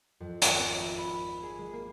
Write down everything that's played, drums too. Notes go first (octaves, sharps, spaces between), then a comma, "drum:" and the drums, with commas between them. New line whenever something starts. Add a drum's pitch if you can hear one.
F2
G#1, drum: hi-hat
E5
B5
G#4
G#3
A#3